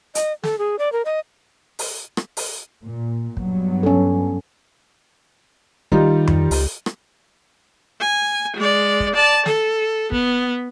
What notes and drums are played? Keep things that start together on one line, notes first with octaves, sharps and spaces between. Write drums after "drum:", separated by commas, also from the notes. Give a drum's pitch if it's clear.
D#5, drum: hi-hat
A4, drum: snare
G#4
D5
A#4
D#5
drum: open hi-hat
drum: rim click
drum: open hi-hat
A#2
G2 F#3 B3, drum: kick
C#4 A4
D#3 G3 D#4 F4, drum: kick
drum: tom F2
C#2, drum: open hi-hat
drum: rim click
G#5
G#3 D5
drum: kick
D5 A5
A4, drum: snare
B3, drum: kick